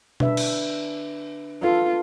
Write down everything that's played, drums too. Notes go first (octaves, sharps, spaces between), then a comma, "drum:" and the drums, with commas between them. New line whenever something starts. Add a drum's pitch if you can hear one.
D4 B4 E5, drum: tom B2
drum: cymbal
F4 A4 B4 F5